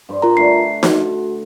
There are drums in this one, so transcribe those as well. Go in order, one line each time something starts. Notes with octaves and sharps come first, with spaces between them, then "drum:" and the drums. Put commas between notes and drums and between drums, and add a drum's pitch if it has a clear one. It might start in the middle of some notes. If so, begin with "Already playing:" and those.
G2 C5
F4 A#4 A#5
D3 A3 B4 C7
F#4, drum: snare D#4